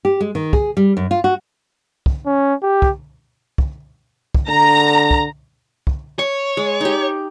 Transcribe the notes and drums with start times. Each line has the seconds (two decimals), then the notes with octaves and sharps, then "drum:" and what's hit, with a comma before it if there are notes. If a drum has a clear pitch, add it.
0.05 G4
0.20 G#3
0.35 D#3
0.53 G#4, drum: kick
0.77 G3
0.97 F#2
1.11 F4
1.24 F#4
2.06 drum: kick
2.26 C#4
2.63 G4
2.82 drum: kick
3.58 drum: kick
4.35 drum: kick
4.49 D3 A#5
5.11 drum: kick
5.87 drum: kick
6.19 C#5 C#6
6.57 G#3
6.81 D#4 G4